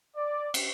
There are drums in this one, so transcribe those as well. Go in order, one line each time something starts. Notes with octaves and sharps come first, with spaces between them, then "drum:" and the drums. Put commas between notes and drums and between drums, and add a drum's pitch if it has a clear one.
D5
drum: cymbal